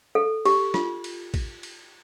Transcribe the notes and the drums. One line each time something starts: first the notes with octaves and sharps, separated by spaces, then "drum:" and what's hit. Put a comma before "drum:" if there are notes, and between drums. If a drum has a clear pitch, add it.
A4
G4, drum: cymbal
F4, drum: snare
drum: cymbal
drum: kick A1, cymbal
drum: cymbal